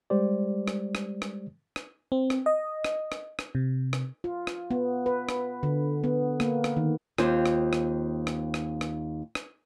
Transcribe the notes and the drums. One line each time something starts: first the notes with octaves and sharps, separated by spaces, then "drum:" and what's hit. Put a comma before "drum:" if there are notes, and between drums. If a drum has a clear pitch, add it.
G3 G#3 G4 C5 D5
drum: rim click
drum: rim click
drum: rim click
drum: rim click
C4
drum: rim click
D#5
drum: rim click
drum: rim click
drum: rim click
C3
drum: rim click
F4
drum: rim click
B3
B4
drum: rim click
D3
B3
A#3, drum: rim click
drum: rim click
D#3
D#2 C4 F4, drum: rim click
drum: rim click
drum: rim click
drum: rim click
drum: rim click
drum: rim click
drum: rim click